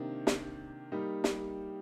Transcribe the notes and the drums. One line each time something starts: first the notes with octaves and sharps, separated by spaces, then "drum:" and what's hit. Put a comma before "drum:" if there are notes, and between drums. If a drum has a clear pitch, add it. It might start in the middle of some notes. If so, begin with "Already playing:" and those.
Already playing: C3 D#3 A#3 D4
drum: snare
G3 A#3 D#4 G4
drum: snare